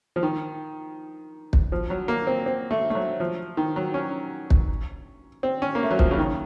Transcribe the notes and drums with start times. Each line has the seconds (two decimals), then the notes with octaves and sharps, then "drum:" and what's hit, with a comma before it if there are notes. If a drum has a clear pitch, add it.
0.16 F3
0.23 D#3
1.53 drum: kick
1.72 F3
1.90 F#3
2.08 A#3
2.27 C4
2.46 C4
2.71 A3
2.90 A3
2.95 F#3
3.20 F3
3.57 D#3
3.76 F#3
3.94 C#4
4.50 drum: kick
5.43 C4
5.62 C#4
5.75 A#3
5.83 A3
5.91 F#3
5.99 F3, drum: kick
6.11 C#3
6.18 D#3